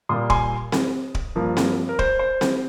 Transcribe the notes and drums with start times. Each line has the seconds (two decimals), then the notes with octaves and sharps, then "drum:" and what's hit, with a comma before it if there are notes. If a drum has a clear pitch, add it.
0.09 A#2 G3 A#3 C6 D#6
0.30 G#5 C6, drum: kick D1
0.72 drum: snare C4
1.15 drum: kick D1
1.36 G2 F3 A#3
1.57 drum: snare C4
1.89 A#4
1.99 C5, drum: kick D1
2.19 C5
2.41 drum: snare C4